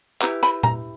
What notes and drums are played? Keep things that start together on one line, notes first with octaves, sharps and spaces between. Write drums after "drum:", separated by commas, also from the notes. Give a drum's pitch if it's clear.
E4 G4 B4 A#5, drum: clap
B5, drum: hi-hat
A#5, drum: tom A#2